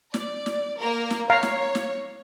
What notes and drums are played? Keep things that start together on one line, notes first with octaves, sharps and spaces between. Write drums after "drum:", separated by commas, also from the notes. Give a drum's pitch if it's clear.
D5, drum: snare
drum: snare
A#3 A#4
drum: snare
C#5 F5 A#5
drum: snare
drum: snare